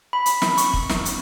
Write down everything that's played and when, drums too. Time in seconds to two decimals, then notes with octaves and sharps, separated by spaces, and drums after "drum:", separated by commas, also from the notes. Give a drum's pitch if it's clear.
0.13 B5
0.26 drum: hi-hat
0.42 drum: snare
0.58 C#6, drum: hi-hat
0.73 drum: kick
0.89 drum: snare
1.05 drum: hi-hat